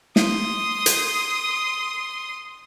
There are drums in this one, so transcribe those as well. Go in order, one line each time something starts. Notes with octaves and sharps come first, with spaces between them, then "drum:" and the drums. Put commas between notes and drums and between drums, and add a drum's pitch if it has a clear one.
C6 D#6, drum: snare
drum: hi-hat